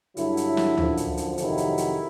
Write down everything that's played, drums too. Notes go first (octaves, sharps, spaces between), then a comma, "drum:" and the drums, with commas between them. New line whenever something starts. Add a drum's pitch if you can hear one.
G2 D3 F#3 E4, drum: hi-hat
drum: hi-hat
drum: snare
F#2 D3 F3, drum: tom D2
drum: hi-hat
drum: hi-hat
F2 C3 D#3 F#3 E4, drum: hi-hat
drum: hi-hat
drum: hi-hat